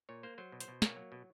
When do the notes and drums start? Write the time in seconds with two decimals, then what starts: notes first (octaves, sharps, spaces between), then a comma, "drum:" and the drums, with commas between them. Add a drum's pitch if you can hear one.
0.09 A#2 C#5
0.23 A#3 C5
0.38 F#3 C5
0.52 B2
0.60 C5, drum: hi-hat
0.68 B2
0.82 A#3 C#5, drum: snare
0.96 F#3
1.12 B2